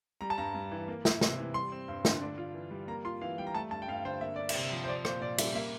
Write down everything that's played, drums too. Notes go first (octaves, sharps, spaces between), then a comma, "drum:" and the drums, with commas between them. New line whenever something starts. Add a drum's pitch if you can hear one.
G3 A#5
A5
G2 A#5
G2
E3
A#3
E4, drum: snare
C3, drum: snare
E3
G3 C6
C4
G2
D3, drum: snare
D4
F4
E3
G3
A#3 A#5
F4 C6
E3 F5
G3 G5
A#5
A3 A5
G2 A5
G5
G2 F5
D3 C5
A#3 E5
D4 D5
E5, drum: cymbal
C3
F3
C5
C4 D5
A#2 C5, drum: rim click
A#2 D5
G3 E5, drum: cymbal
A#3 E5